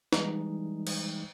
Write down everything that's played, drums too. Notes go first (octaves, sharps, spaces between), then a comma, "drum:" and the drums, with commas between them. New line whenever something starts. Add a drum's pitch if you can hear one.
E3 G3 G#3 D#4, drum: snare
drum: cymbal